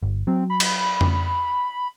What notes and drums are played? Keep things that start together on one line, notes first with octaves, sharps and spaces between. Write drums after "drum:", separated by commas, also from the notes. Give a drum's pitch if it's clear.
G1
F#3 C4
B5
drum: cymbal
drum: tom F2